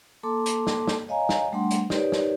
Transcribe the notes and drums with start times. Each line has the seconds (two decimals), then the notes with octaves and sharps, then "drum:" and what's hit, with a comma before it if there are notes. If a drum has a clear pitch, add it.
0.23 A#3 A4 A5 C6 D6
0.46 drum: hi-hat
0.67 drum: snare
0.88 drum: snare
1.08 C#5 D#5 F5 G#5 A#5
1.29 drum: snare
1.52 G3 A3 D4 F#5 C6
1.71 drum: hi-hat
1.90 D#4 G4 A#4 B4 C#5 D5, drum: snare
2.12 drum: snare